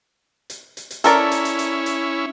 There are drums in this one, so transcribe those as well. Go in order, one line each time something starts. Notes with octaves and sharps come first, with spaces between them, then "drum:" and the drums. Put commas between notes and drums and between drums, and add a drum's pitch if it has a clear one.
drum: hi-hat
drum: hi-hat
drum: hi-hat
C#4 E4 A4 A#4 D5, drum: hi-hat
drum: hi-hat
drum: hi-hat
drum: hi-hat
drum: hi-hat